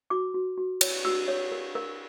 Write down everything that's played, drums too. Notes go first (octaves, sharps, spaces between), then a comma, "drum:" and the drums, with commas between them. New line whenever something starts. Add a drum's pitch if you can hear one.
F#4 D6
F#4
F#4
C#5, drum: cymbal
F#4 E6
C#5
A#4
A#4